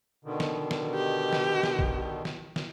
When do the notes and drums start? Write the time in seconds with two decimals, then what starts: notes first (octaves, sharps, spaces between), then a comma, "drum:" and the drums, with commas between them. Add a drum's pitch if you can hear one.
0.25 B2 D3 D#3
0.40 drum: snare
0.71 drum: snare
0.95 G4
1.33 drum: snare
1.63 drum: snare
1.79 drum: kick
2.25 drum: snare
2.56 drum: snare